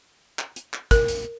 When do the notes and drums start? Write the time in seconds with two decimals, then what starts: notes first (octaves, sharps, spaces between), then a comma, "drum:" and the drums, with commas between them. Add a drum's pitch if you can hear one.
0.39 drum: clap
0.56 drum: hi-hat
0.74 drum: clap
0.91 A#4, drum: kick, hi-hat
1.08 drum: hi-hat